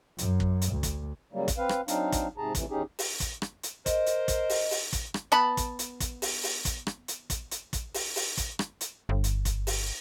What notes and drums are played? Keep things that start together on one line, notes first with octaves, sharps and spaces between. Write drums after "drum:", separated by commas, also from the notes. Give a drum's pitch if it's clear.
F#2, drum: hi-hat
drum: kick
drum: hi-hat
D2
drum: kick, hi-hat
C#3 F#3 G3 A#3
drum: kick, hi-hat
C4 B4 F5
drum: rim click
F#3 C4 D4 D#4 F5, drum: hi-hat
drum: kick, hi-hat
G#2 C3 G#4 A5 A#5
F2 A2 C3 E3, drum: kick, hi-hat
E2 C#4 D#4 G4 G#4
drum: open hi-hat
drum: kick, hi-hat
drum: rim click
drum: hi-hat
A#4 C5 D#5, drum: kick, hi-hat
drum: hi-hat
drum: kick, hi-hat
drum: open hi-hat
drum: open hi-hat
drum: kick, hi-hat
drum: rim click
B3 A5 B5
drum: kick, hi-hat
drum: hi-hat
drum: kick, hi-hat
drum: open hi-hat
drum: open hi-hat
drum: kick, hi-hat
drum: rim click
drum: hi-hat
drum: kick, hi-hat
drum: hi-hat
drum: kick, hi-hat
drum: open hi-hat
drum: open hi-hat
drum: kick, hi-hat
drum: rim click
drum: hi-hat
G1
drum: hi-hat
drum: kick, hi-hat
drum: open hi-hat